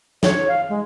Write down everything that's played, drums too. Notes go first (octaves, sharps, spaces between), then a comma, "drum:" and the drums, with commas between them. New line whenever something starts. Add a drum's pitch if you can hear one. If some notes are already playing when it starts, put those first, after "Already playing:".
C#5, drum: snare
F5
G#3